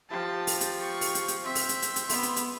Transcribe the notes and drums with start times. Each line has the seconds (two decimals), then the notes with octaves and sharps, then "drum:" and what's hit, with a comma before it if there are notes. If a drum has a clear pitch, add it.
0.11 F3 G4 A5
0.47 drum: open hi-hat
0.61 drum: hi-hat
0.82 C#6
1.01 drum: open hi-hat
1.15 drum: hi-hat
1.28 drum: hi-hat
1.45 C4 E5 C6
1.55 drum: open hi-hat
1.69 drum: hi-hat
1.82 drum: hi-hat
1.96 drum: hi-hat
2.09 B3 B5, drum: open hi-hat
2.23 drum: hi-hat
2.36 drum: hi-hat